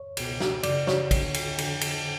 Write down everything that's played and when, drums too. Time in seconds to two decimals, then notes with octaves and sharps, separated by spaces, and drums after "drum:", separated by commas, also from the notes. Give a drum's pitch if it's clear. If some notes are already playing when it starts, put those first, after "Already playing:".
Already playing: C#5
0.17 C#2 B2, drum: cymbal
0.40 drum: snare
0.63 F#2 C#3 D5, drum: cymbal
0.87 C#5, drum: snare
1.11 D2 D3, drum: kick, cymbal
1.34 drum: cymbal
1.58 F2 D3, drum: cymbal
1.81 drum: cymbal